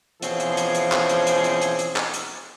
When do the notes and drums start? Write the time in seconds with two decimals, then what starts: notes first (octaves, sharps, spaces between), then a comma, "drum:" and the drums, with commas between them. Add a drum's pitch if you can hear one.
0.22 B2 E3 F3 C4 C#4 G#4, drum: hi-hat
0.40 drum: hi-hat
0.57 drum: hi-hat
0.75 drum: hi-hat
0.92 drum: clap
1.09 drum: hi-hat
1.27 drum: hi-hat
1.44 drum: hi-hat
1.62 drum: hi-hat
1.79 drum: hi-hat
1.96 drum: clap
2.14 drum: hi-hat